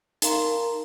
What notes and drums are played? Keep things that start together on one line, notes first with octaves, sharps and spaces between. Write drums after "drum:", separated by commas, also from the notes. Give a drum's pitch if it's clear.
D#4 A#4 F5 A#5 C6 E7, drum: hi-hat